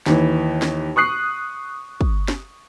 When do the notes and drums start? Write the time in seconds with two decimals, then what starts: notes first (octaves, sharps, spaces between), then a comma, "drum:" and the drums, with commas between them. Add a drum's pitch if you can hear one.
0.06 D#2 E3, drum: snare
0.62 drum: snare
0.96 C#6 D#6 F#6 C7
2.01 drum: kick
2.28 drum: snare